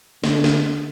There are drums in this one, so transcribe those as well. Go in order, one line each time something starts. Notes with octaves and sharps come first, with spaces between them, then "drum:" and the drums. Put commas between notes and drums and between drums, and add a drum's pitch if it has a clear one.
D3, drum: snare
drum: snare